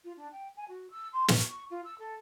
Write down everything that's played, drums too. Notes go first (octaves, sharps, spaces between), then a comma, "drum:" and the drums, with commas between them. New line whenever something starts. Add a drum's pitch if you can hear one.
F4
D4
G5
G#5
F#4
E6
C6
C#6, drum: snare
C#6
F4
E6
A4